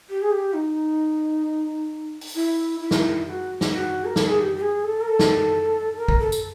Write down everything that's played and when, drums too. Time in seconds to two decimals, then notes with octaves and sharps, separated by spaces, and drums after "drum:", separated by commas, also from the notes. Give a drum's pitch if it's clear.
0.09 G4
0.22 G#4
0.31 G4
0.53 D#4
2.21 drum: open hi-hat
2.35 E4
2.80 E4
2.91 drum: snare
3.26 F#4
3.61 drum: snare
3.71 F#4
4.05 A#4
4.16 A4, drum: snare
4.27 G#4
4.40 G4
4.56 G4
4.61 G#4
4.84 A4
5.01 A#4
5.08 A4
5.19 drum: snare
5.98 A#4
6.08 drum: kick
6.20 A4
6.32 drum: tambourine